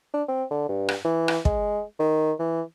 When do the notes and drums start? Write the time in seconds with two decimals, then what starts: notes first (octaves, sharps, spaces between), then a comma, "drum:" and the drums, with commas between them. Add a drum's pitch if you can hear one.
0.14 D4
0.28 C4
0.51 D3
0.69 G2
0.89 drum: rim click
1.05 E3
1.28 drum: rim click
1.45 G#3, drum: kick
1.99 D#3
2.39 E3